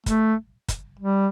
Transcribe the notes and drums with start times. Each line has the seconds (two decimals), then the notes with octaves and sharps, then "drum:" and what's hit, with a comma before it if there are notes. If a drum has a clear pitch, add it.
0.06 A3, drum: kick, hi-hat
0.68 drum: kick, hi-hat
1.00 G3